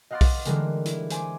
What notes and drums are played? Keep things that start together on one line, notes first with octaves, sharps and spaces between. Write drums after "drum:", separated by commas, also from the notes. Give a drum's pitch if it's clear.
D#5 F5 F#5 C6 D6 A6
drum: kick B1, open hi-hat
D3 E3 G3 G#3 A#3, drum: hi-hat
E4, drum: hi-hat
C5 G#5 D6, drum: hi-hat